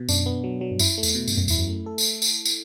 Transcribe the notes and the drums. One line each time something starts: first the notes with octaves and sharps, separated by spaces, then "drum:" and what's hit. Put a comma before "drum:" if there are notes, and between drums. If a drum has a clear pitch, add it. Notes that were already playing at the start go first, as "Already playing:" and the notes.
Already playing: B2
F#2 D4, drum: tambourine
B3
F#3
F#3
G2
F#2 E4, drum: tambourine
A3
E2, drum: tambourine
B2
G2 B2, drum: tambourine
F#2
E2 E4, drum: tambourine
F#2
A3
A4
drum: tambourine
drum: tambourine
drum: tambourine